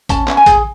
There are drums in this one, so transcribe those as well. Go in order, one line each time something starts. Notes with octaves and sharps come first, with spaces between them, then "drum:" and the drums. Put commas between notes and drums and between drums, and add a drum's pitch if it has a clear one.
C#4 A5, drum: kick A1, hi-hat
C#4, drum: clap
G#5
G#4, drum: kick A1, hi-hat